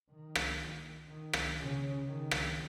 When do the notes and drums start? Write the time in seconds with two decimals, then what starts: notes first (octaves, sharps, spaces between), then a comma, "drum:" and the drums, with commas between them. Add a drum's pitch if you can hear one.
0.11 D#3
0.35 drum: rim click
1.08 D#3
1.33 drum: rim click
1.58 C#3
2.06 D#3
2.31 drum: rim click